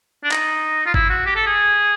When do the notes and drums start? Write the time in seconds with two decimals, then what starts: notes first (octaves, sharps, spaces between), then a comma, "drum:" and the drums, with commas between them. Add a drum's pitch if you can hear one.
0.24 D4
0.31 D#4, drum: clap
0.86 F4
0.94 E4, drum: kick G#1
1.10 F#4
1.26 G4
1.36 A4
1.46 G#4